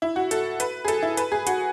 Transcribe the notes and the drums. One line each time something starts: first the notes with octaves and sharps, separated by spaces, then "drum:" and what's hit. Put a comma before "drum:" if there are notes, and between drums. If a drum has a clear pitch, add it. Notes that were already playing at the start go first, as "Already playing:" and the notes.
E4
F#4
A4, drum: hi-hat
B4, drum: hi-hat
G#4
A4, drum: hi-hat
E4
B4, drum: hi-hat
G#4
F#4, drum: hi-hat